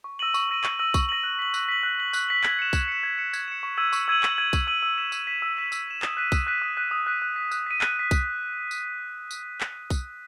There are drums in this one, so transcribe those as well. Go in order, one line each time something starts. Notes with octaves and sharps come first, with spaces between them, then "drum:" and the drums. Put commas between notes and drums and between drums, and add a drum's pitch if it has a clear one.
C#6
E6 A#6 D#7 F#7
C#6, drum: tambourine
E6 A#6 D#7 F#7
C#6, drum: clap
E6 A#6 D#7 F#7
C#6, drum: kick B1, tambourine
E6 A#6 D#7 F#7
F#6
B6 F#7
F#6, drum: tambourine
B6 F#7
F#6
B6 F#7
F#6, drum: tambourine
B6 F#7
G#6, drum: clap
C#7 E7
G#6, drum: kick B1, tambourine
C#7 E7
G#6
C#7 E7
G#6, drum: tambourine
C#7 E7
C#6
E6 G#6 D#7 F#7
C#6, drum: tambourine
E6 G#6 D#7 F#7
C#6, drum: clap
E6 G#6 D#7 F#7
C#6, drum: kick B1, tambourine
E6 G#6 D#7 F#7
E6
B6 E7
E6, drum: tambourine
B6 E7
E6
B6 E7
E6, drum: tambourine
B6 E7
D#6, drum: clap
F#6 B6 D#7
D#6, drum: kick B1, tambourine
F#6 B6 D#7
D#6
F#6 B6 D#7
D#6
F#6 B6 D#7
F#6
B6 D#7
F#6, drum: tambourine
B6 D#7
F#6, drum: clap
B6 D#7
drum: kick B1, tambourine
drum: tambourine
drum: tambourine
drum: clap
drum: kick B1, tambourine